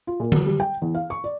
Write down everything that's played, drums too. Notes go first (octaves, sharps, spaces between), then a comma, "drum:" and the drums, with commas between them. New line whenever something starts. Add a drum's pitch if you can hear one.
F4
A#2
F#3, drum: tom D3
G3
G5
E2
F5
C#6
D5